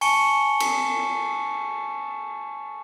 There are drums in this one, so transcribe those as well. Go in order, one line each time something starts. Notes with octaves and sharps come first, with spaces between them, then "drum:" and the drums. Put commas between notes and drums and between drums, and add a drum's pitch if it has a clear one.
G#5 A5 C#6 C#7 G7, drum: open hi-hat
drum: cymbal